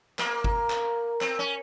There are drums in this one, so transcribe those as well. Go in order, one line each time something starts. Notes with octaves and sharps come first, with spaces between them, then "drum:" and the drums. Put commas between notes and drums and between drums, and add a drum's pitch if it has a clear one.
A#3, drum: clap
drum: kick G1
drum: clap
C4, drum: clap
C#4